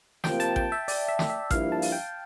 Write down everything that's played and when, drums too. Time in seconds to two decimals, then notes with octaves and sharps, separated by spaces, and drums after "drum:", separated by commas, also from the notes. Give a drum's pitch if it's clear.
0.24 C3 F3 A#3 G5, drum: snare
0.40 A5, drum: hi-hat
0.56 G5, drum: kick A1
0.72 E5
0.88 D5, drum: open hi-hat
1.08 E5
1.19 drum: snare
1.30 E5
1.51 G2 F3 A#3 E4 F5, drum: kick A1, hi-hat
1.72 A5
1.82 drum: open hi-hat
1.92 G5